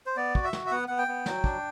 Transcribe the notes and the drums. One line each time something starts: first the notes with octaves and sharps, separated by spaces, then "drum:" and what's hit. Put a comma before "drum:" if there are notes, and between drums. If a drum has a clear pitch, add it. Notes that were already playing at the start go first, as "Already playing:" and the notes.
C5
B3 D5
F#4, drum: kick
E5
F#4, drum: snare
E5
B3 F#5
B3 F#5
G5
B3
F#3, drum: snare
D4, drum: kick